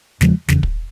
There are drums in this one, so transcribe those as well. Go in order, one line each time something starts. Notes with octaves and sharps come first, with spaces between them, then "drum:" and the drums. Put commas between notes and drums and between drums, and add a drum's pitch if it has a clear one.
E2 C#3 F3 G#3, drum: snare
F#1 E2 C#3, drum: snare
drum: kick